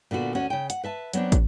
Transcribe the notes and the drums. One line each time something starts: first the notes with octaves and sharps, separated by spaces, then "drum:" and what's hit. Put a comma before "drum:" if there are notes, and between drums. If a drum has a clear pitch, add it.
A#2 D3 B3 F#4
D2 C#4 F#4 F#5
C#3 G5
F#5, drum: hi-hat
B4 E5 A5
F#3 B3 C4 D4, drum: hi-hat
drum: kick, hi-hat